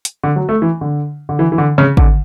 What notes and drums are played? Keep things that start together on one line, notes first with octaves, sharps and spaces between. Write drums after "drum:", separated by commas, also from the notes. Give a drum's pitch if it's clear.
drum: hi-hat
D3
F#3
A3
E3
D3
D3
E3
E3
D3
C#3
D3, drum: kick G#1